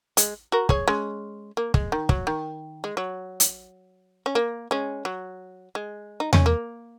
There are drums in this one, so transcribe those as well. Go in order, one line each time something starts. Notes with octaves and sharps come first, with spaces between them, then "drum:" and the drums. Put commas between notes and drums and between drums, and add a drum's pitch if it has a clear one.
G#3, drum: hi-hat
F#4 A#4
G#4 C#5, drum: kick
G#3 C#4
A#3
G#3, drum: kick
D#3
F#3, drum: kick
D#3
G#3
F#3
drum: hi-hat
C#4
A#3
G#3 C#4
F#3
G#3
D#4
C#4, drum: tom E2
A#3